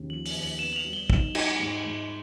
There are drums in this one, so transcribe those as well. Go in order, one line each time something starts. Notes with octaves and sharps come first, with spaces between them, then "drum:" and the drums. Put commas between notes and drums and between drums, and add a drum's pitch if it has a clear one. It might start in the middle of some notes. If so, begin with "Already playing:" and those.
Already playing: D#2 C#3
F3 F#7
F#7, drum: open hi-hat
D#2
F#7
B3 E7
F#7
F7
G3
G7
D#4, drum: kick
D#4, drum: cymbal
G#2
G#2